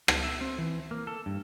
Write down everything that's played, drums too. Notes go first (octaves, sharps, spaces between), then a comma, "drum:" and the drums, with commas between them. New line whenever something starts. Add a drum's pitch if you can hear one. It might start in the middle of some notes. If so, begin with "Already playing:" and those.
A4, drum: rim click
E5
C4
E3
A#3
A4
G2